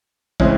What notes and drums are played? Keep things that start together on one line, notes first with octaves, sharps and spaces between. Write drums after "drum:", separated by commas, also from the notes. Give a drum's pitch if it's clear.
C#3 E3 G#3 C4, drum: kick